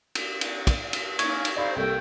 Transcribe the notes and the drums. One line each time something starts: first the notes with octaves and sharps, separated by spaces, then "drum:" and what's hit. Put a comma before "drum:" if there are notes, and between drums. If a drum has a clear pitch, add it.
drum: cymbal
drum: cymbal
drum: kick, cymbal
drum: cymbal
A#3 C#4 D#4 C#6 G#6, drum: cymbal
drum: cymbal
D#4 A4 C5 D5 F5 B5
C2 A#3 A4 G5